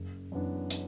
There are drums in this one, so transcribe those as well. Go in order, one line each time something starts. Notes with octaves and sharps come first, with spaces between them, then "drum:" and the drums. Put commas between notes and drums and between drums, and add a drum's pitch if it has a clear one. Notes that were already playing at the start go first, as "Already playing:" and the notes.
Already playing: F#1
F#2 E3 B3 D4
drum: hi-hat